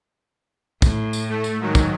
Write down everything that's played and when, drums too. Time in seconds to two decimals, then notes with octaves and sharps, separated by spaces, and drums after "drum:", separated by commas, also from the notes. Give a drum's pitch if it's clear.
0.82 A2, drum: kick, tambourine
1.13 drum: tambourine
1.29 A3
1.44 drum: tambourine
1.60 G#2 D#3 F#3
1.75 drum: kick, tambourine